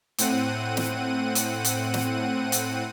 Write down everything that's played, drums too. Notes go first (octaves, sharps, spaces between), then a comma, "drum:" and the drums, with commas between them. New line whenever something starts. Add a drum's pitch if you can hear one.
A2 C4 F#5 D#7, drum: hi-hat
drum: snare
drum: hi-hat
drum: hi-hat
drum: snare
drum: hi-hat